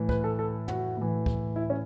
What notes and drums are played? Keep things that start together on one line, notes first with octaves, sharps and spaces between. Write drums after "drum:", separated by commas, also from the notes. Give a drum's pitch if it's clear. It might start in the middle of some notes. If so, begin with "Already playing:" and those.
Already playing: A2 E3
B4, drum: kick
A4
A4
F#4, drum: tom
A2 E3
drum: kick
E4
C#4